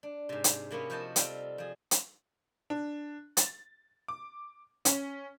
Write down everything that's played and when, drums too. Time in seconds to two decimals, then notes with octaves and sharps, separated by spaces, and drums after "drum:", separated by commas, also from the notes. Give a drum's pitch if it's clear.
0.03 D4
0.29 G#2 C3
0.44 drum: hi-hat
0.71 C3 A#3 B3 C#4
0.90 F3 F#4 C5 D#5 A5
1.16 G3 C4 F4 A4 F5, drum: hi-hat
1.58 F3 G#4
1.91 drum: hi-hat
2.70 D4
3.37 A6, drum: hi-hat
4.08 D6
4.85 C#4, drum: hi-hat